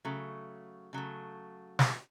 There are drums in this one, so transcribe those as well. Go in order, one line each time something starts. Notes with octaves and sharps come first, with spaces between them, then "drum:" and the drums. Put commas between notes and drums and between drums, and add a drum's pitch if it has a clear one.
C#3 F#3 A3
C#3 F#3 A3
drum: snare